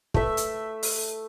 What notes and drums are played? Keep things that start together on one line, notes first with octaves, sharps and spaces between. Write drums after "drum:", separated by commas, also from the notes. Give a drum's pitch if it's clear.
A3 E5, drum: kick
drum: hi-hat
drum: open hi-hat